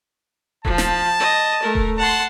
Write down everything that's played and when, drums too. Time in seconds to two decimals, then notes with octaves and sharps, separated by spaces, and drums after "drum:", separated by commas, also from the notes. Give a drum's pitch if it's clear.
0.65 F3 A5, drum: kick D#1
0.78 drum: snare
1.20 D#5
1.62 A3 A#4
1.75 drum: kick D#1
1.98 F#5 A5 C6